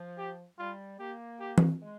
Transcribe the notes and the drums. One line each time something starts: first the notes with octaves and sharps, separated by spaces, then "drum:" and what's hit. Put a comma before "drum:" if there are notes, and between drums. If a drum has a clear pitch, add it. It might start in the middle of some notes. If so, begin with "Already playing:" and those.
Already playing: F3
G4
G3 F4
A#3 G4
G4
drum: tom E3
G#3